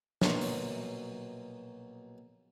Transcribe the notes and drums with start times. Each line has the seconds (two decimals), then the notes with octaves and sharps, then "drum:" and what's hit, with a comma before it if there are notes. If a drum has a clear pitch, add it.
0.22 A#1 B2 F#3 C6, drum: snare
0.41 drum: open hi-hat